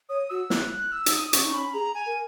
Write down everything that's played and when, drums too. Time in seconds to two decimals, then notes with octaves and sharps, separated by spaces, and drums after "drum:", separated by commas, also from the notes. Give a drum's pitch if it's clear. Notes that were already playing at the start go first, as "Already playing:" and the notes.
0.09 C#5 D#6
0.30 F#4 E6
0.50 E4 F#6, drum: snare
0.71 F#6
0.92 E6
1.06 D#4, drum: hi-hat
1.13 D#6
1.33 C#4 C#6, drum: hi-hat
1.44 D#4
1.53 C#4 B5
1.74 G#4 A#5
1.95 G#5
2.06 A#4